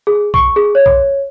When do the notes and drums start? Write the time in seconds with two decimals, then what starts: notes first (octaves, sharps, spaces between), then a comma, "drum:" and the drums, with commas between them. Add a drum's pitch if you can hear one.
0.07 G#4
0.34 C#6, drum: kick
0.56 G#4
0.75 C#5
0.86 drum: kick